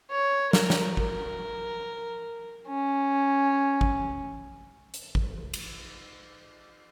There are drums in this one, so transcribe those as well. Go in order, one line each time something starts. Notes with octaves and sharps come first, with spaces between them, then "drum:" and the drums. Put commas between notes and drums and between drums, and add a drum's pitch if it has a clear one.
C#5
A#4, drum: snare
drum: snare
A#4, drum: kick G#1
C#4
drum: kick G#1
drum: hi-hat
drum: kick G#1
drum: cymbal